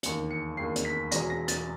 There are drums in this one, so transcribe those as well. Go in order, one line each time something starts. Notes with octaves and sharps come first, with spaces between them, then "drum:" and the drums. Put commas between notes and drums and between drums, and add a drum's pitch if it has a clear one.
E1 D#2 D#3 C#7, drum: hi-hat
C#7
E1 D#2 D#3 C7
drum: hi-hat
B6
E1 E2 B2 G#3 C#4 A#6, drum: hi-hat
A#6
A6, drum: hi-hat